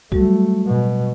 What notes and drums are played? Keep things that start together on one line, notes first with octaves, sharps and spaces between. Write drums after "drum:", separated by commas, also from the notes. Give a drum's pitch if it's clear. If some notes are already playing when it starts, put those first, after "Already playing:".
F#3 G3 A3 F#4, drum: kick
B2